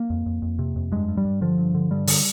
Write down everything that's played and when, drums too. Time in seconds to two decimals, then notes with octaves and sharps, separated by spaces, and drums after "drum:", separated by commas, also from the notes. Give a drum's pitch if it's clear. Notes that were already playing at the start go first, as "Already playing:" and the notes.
Already playing: A#3
0.10 F2
0.26 F2
0.42 F2
0.59 C3
0.76 F2
0.92 G2 G#3
1.08 G2
1.17 G3
1.25 G2
1.41 D3 F3
1.58 G2
1.75 D3
1.91 G2 G3
2.07 D3, drum: open hi-hat